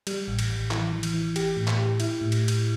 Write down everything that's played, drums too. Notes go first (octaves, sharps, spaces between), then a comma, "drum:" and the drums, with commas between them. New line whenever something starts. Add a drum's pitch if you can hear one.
G3, drum: cymbal
A1
drum: cymbal
A1
E3, drum: clap
E3
drum: cymbal
E3
G4, drum: cymbal
A2
drum: clap
G4
E4, drum: cymbal
A2
drum: cymbal
drum: cymbal